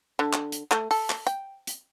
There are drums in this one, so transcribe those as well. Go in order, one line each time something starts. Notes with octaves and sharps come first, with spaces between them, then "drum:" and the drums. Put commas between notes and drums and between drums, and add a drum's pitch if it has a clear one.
D3
drum: clap
drum: hi-hat
A3, drum: clap
A4, drum: open hi-hat
drum: clap
G5, drum: hi-hat
drum: hi-hat